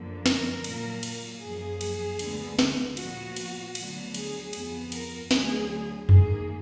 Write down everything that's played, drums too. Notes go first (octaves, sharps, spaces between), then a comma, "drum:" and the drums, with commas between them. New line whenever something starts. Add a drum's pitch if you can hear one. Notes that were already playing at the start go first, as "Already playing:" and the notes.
Already playing: F#2 D3 F3 A#3
A#4, drum: snare
A#2 F#3 A#3, drum: cymbal
drum: cymbal
F#2 F3 A#3 G#4
drum: cymbal
D2 D3 G#3 B3, drum: cymbal
drum: snare
A#2 F3 B3 F#4, drum: cymbal
drum: cymbal
D2 D3 F#3 B3, drum: cymbal
G#4, drum: cymbal
F2 F3 B3, drum: cymbal
A#4, drum: cymbal
D2 D3 F#3 G#4, drum: snare
G#2 D#3 A#3 G#4, drum: tom F2